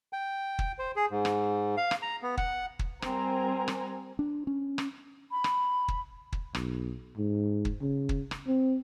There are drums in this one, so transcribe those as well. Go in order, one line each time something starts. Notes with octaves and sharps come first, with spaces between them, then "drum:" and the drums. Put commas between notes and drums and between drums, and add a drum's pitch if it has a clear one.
G5
drum: kick
C5
G#4
G#2
drum: rim click
F5
drum: rim click
A#5
B3
F#5, drum: kick
drum: kick
G3 C4 A#4 G#5 A#5, drum: rim click
drum: rim click
D4
C#4
drum: rim click
B5
drum: rim click
drum: kick
drum: kick
B1, drum: rim click
G#2
drum: kick
C#3
drum: kick
drum: rim click
C4